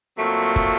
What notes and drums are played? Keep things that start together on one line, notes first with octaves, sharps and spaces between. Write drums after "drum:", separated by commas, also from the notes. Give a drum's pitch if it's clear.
A#2 F#3 A3 C4
drum: kick